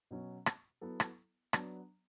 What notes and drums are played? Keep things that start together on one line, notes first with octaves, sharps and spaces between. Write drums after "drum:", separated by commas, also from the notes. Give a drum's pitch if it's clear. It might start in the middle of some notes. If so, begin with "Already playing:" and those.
B2 F#3 C#4 F#4
drum: rim click
F#3 B3 E4 A4
drum: rim click
F#3 B3 D4, drum: rim click